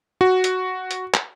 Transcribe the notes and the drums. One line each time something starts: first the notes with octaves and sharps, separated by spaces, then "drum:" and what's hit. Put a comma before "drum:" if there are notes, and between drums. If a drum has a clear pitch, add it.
F#4
drum: hi-hat
drum: hi-hat
drum: clap